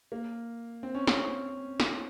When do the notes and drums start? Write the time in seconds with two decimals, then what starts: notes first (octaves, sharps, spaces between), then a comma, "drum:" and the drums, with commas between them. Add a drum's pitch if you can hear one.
0.12 A#3
0.83 C4
0.95 C#4
1.07 C#4, drum: snare
1.20 C4
1.80 drum: snare